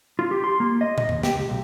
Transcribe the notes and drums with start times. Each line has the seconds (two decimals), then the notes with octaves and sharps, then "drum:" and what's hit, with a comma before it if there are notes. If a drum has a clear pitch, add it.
0.19 F4
0.31 G4
0.44 C6
0.60 A#3
0.81 D#5
0.98 D#5, drum: tom
1.09 D#2, drum: tom F2
1.23 G4, drum: snare
1.36 C#2
1.50 B1